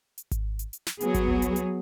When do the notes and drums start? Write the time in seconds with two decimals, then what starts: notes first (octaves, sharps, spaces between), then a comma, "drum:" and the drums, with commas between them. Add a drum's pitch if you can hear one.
0.18 drum: hi-hat
0.31 drum: kick G#1, hi-hat
0.59 drum: hi-hat
0.73 drum: hi-hat
0.87 drum: snare
1.01 F#3 B3 G#4, drum: hi-hat
1.14 drum: kick G#1, hi-hat
1.28 drum: tom C#2
1.42 drum: hi-hat
1.56 drum: hi-hat